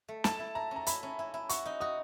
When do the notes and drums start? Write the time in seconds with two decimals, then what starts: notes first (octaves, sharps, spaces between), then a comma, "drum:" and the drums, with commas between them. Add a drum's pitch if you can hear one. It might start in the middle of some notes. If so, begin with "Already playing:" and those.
0.08 A3
0.24 E4 A5, drum: snare
0.40 E4
0.55 E4 A#5
0.71 C#4
0.76 A#5
0.86 E4 B5, drum: hi-hat
1.03 C#4
1.19 E4
1.34 E4
1.49 F#4 C#6, drum: hi-hat
1.66 D#4
1.80 F#4 D#6